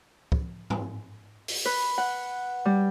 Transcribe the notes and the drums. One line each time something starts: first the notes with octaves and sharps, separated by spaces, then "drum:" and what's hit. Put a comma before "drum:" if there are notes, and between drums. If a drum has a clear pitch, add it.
drum: kick
drum: tom G#2
drum: open hi-hat
B4
F#5
G3